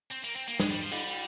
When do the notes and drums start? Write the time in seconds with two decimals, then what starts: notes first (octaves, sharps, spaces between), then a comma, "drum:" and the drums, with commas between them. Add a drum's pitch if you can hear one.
0.11 C4
0.24 A#3
0.36 C4
0.48 A#3, drum: hi-hat
0.60 G#3, drum: snare
0.71 G3
0.80 F3
0.91 G3, drum: cymbal